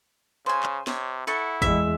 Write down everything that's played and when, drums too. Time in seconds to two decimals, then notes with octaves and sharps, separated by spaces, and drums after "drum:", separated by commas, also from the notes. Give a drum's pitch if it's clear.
0.46 C#3 C5 G#5
0.63 drum: clap
0.87 C3 C#5, drum: snare
1.27 E4 A4 F#5 C#6
1.62 E2 G#3 E5, drum: kick